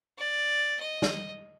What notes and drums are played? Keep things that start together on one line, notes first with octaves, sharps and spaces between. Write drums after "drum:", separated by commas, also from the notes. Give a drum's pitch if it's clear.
D5
D#5
drum: snare